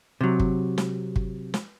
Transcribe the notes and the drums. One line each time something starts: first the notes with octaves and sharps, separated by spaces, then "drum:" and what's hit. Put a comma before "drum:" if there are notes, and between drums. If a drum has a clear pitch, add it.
C3 F#3
drum: kick
drum: snare
drum: kick
drum: snare